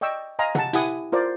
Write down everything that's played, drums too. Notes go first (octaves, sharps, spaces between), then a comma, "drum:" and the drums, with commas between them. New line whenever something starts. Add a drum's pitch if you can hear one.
D5 D#5 G5 C#6 E6
D#5 F5 G#5 A#5 C6
F#5 A5, drum: tom
E4 G4 F#5 G#5 D#6, drum: hi-hat
F4 A#4 C5 D5